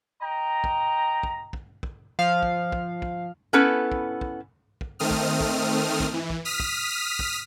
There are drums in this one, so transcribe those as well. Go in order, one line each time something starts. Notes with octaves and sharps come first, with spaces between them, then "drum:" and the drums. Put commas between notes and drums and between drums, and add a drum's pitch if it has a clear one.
D#5 G5 A#5
drum: kick
drum: kick
drum: kick
drum: kick
F3 F5
drum: kick
drum: kick
drum: kick
B3 C#4 E4 A4 B4
drum: kick
drum: kick
drum: kick
D#3 A3 C4 D#6 F6
drum: kick
drum: kick
drum: kick
E3
drum: kick
D#6 F6 B6
drum: kick
drum: kick